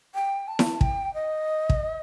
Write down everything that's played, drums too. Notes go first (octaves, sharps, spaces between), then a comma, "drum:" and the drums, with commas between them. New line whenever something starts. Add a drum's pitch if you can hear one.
G5
A5
drum: snare E4
G5, drum: kick
D#5
drum: kick